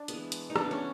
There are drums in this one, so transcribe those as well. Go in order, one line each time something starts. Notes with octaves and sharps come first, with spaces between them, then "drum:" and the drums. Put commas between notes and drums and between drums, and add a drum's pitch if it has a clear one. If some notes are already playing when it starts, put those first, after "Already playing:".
Already playing: D4
E3 G#3 B3, drum: hi-hat
drum: hi-hat
D#4
E3 G#3 B3 D4, drum: rim click
C#4